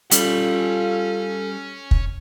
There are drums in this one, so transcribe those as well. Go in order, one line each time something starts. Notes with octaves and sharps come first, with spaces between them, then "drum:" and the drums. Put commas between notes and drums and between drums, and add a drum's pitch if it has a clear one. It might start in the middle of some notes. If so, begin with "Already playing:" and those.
G3 C#4 F4 A4 B5, drum: hi-hat
drum: kick